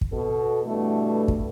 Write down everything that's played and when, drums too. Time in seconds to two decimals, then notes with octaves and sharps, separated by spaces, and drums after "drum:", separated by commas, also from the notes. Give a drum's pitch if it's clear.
0.01 drum: kick
0.12 B2 A4
0.65 G2 B2 E3 A3
1.28 drum: kick